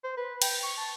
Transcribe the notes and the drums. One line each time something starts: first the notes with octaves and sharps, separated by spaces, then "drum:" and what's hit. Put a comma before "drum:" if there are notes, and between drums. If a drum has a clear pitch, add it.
C5
B4
G5, drum: cymbal
C#6
A5